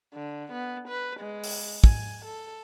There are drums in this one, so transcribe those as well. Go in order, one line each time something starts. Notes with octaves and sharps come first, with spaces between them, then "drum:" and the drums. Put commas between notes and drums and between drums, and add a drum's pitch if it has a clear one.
D3
B3
B4
G#3
drum: open hi-hat
G#5, drum: kick
A4